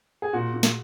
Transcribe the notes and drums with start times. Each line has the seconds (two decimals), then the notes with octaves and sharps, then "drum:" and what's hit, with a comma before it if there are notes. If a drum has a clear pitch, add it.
0.22 G#4
0.33 A#2 F#4
0.54 A#2
0.63 drum: snare